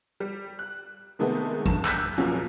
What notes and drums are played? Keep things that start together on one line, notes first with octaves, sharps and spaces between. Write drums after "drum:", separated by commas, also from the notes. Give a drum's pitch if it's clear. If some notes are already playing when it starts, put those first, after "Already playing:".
G3
F#6
C3 D#3 G#3 A3 B3
C#2 D3 A5 E7, drum: kick
E6 F#6 G6 B6, drum: clap
C#2 A#2 F3 F#3 C#4